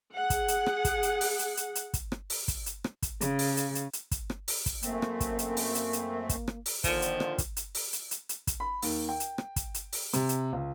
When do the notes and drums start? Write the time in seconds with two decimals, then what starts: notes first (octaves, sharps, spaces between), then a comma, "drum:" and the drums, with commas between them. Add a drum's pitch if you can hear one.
0.14 G#4 F#5
0.30 drum: kick, hi-hat
0.48 drum: hi-hat
0.66 drum: rim click
0.85 drum: kick, hi-hat
1.03 drum: hi-hat
1.21 drum: open hi-hat
1.39 drum: hi-hat
1.57 drum: hi-hat
1.75 drum: hi-hat
1.94 drum: kick, hi-hat
2.12 drum: rim click
2.30 drum: open hi-hat
2.48 drum: kick, hi-hat
2.66 drum: hi-hat
2.84 drum: rim click
3.03 drum: kick, hi-hat
3.21 C#3, drum: hi-hat
3.39 drum: open hi-hat
3.57 drum: hi-hat
3.75 drum: hi-hat
3.93 drum: hi-hat
4.11 drum: kick, hi-hat
4.30 drum: rim click
4.48 drum: open hi-hat
4.66 drum: kick, hi-hat
4.82 F#2 A3 A#3 C4, drum: hi-hat
5.02 drum: rim click
5.20 drum: kick, hi-hat
5.39 drum: hi-hat
5.57 drum: open hi-hat
5.75 drum: hi-hat
5.93 drum: hi-hat
6.29 drum: kick, hi-hat
6.48 drum: rim click
6.66 drum: open hi-hat
6.84 A#2 D3 D#3 F3, drum: kick, hi-hat
7.02 drum: hi-hat
7.20 drum: rim click
7.38 drum: kick, hi-hat
7.57 drum: hi-hat
7.75 drum: open hi-hat
7.93 drum: hi-hat
8.11 drum: hi-hat
8.29 drum: hi-hat
8.47 drum: kick, hi-hat
8.60 B5
8.82 D#2, drum: open hi-hat
9.09 G5
9.20 drum: hi-hat
9.38 drum: rim click
9.56 drum: kick, hi-hat
9.74 drum: hi-hat
9.93 drum: open hi-hat
10.13 C3, drum: hi-hat
10.29 drum: hi-hat
10.53 C#2